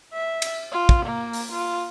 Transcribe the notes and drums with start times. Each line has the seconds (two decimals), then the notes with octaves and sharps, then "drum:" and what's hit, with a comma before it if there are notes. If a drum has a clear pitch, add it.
0.13 E5
0.42 drum: cymbal
0.72 F4
0.89 drum: kick
1.05 A#3
1.33 drum: open hi-hat
1.52 F4